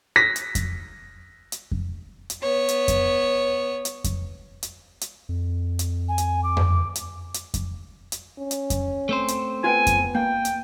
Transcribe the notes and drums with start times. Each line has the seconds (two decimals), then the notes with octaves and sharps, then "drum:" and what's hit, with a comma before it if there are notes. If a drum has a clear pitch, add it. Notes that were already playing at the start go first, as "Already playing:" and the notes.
0.16 A#6 B6
0.36 drum: hi-hat
0.55 drum: kick F2, hi-hat
1.52 drum: hi-hat
1.71 drum: kick F2
2.30 drum: hi-hat
2.41 B3 C#5
2.69 drum: hi-hat
2.88 drum: kick F2, hi-hat
3.85 drum: hi-hat
4.04 drum: kick F2, hi-hat
4.63 drum: hi-hat
5.01 drum: hi-hat
5.29 F2
5.79 drum: hi-hat
6.09 G#5
6.18 drum: hi-hat
6.44 D6
6.57 drum: tom F2
6.95 drum: hi-hat
7.34 drum: hi-hat
7.54 drum: kick F2, hi-hat
8.12 drum: hi-hat
8.39 C#4
8.51 drum: hi-hat
8.70 drum: kick F2, hi-hat
9.09 A3 C4 C5
9.28 drum: hi-hat
9.64 B3 F4 B4 G5 G#5
9.87 drum: kick F2, hi-hat
10.15 A#3 G5
10.45 drum: hi-hat